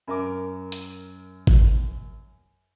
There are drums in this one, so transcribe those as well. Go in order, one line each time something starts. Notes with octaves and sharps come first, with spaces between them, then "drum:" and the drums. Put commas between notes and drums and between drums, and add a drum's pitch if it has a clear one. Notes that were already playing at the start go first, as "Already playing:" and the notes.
F#2 A#4 D6
drum: hi-hat
drum: kick G#1